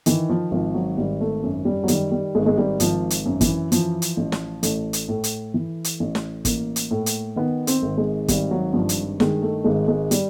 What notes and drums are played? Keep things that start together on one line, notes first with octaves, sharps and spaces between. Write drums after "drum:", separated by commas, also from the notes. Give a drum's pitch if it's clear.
D#3 E3, drum: hi-hat
F3
G#1 F3
F#3
G#1 G3
A3
F#2
G3
F#3
D#3 G3, drum: hi-hat
G3
G#1 G#3
G#3
G3
G#1 F3, drum: hi-hat
drum: hi-hat
F#2
E3, drum: kick, hi-hat
E3 F3, drum: hi-hat
drum: hi-hat
A1
drum: snare
A1 A3, drum: hi-hat
drum: hi-hat
A2
drum: hi-hat
E3
drum: hi-hat
A1
drum: snare
A1 A#3, drum: kick, hi-hat
drum: hi-hat
A2
drum: hi-hat
D#3 B3
C4, drum: hi-hat
G#1
G#3
G#1 G3, drum: kick, hi-hat
F#3
G2 F3
drum: hi-hat
D#3 G#3, drum: snare
A3
G#1 G#3
G#3
G3, drum: hi-hat